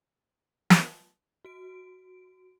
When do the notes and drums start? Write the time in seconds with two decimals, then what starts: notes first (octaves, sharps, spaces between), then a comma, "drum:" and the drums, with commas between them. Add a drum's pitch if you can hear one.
0.70 drum: snare
1.45 F#4 D7